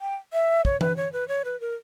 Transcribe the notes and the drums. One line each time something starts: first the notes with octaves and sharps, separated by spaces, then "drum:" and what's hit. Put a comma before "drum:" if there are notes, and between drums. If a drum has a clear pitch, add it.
G5
E5
C#5, drum: kick
B4, drum: tom E3
C#5
B4
C#5
B4
A#4